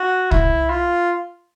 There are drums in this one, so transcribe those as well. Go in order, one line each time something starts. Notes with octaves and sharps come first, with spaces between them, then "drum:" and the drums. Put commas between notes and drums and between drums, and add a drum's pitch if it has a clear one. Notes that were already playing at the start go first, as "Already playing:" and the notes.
Already playing: F#4
E4, drum: kick
F4